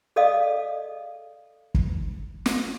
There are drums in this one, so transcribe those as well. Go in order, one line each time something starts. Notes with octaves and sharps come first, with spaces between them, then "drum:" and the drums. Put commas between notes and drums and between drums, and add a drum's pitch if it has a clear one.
G#4 A4 D5 D#5 F5 D#6
drum: kick
drum: snare